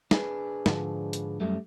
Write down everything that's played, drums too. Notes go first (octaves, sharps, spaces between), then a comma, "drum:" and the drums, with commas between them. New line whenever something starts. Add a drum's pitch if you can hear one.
D4 G#4 B4, drum: snare
G#2 D3 F3, drum: snare
drum: hi-hat
F#2 G3 A3